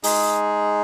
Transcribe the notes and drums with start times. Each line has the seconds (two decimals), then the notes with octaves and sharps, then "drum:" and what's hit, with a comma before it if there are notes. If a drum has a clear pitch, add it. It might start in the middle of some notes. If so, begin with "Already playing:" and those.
0.04 G#3 D#4 G#4, drum: open hi-hat